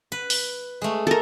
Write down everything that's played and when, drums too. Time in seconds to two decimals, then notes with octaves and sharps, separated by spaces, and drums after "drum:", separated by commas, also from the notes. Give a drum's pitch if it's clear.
0.12 B4
0.30 drum: open hi-hat
0.82 G#3 A3
1.07 A4 A#4